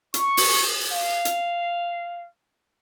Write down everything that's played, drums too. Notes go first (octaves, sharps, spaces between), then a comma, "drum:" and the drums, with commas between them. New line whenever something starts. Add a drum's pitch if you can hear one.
C#6, drum: hi-hat
drum: open hi-hat
F5
drum: hi-hat